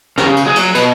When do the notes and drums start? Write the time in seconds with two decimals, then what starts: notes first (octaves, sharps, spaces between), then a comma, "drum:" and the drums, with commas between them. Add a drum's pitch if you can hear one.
0.18 C#3 A#4, drum: snare
0.37 drum: cymbal
0.46 F#3 G#4
0.56 drum: cymbal
0.75 B2 B4, drum: cymbal